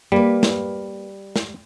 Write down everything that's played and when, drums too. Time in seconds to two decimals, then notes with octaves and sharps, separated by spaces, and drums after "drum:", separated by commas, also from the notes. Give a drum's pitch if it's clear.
0.12 G3 A#3 B4
0.43 drum: snare
1.36 drum: snare